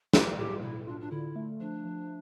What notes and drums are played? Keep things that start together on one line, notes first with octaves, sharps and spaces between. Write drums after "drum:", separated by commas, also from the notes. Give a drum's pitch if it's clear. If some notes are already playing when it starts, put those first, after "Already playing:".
G3 G4, drum: snare
A2 G4
B2 E4
D4 F4
D4
D3 E4
A3
F3 D4
F3